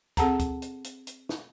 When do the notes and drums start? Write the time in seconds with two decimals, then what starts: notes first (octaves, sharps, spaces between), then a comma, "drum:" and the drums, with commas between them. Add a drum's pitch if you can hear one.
0.17 C4 G#4 A4 F#5 A5 A#5, drum: kick, hi-hat
0.40 drum: kick, hi-hat
0.62 drum: hi-hat
0.84 drum: hi-hat
1.07 drum: hi-hat
1.29 drum: snare